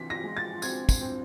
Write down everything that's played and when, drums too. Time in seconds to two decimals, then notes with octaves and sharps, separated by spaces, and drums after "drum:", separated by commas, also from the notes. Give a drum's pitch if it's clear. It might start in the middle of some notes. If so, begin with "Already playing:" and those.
Already playing: C3 E3 A#6 B6
0.10 A#6
0.24 G#3
0.37 A6
0.62 C4 G#6, drum: tambourine
0.89 drum: kick, tambourine
1.01 C4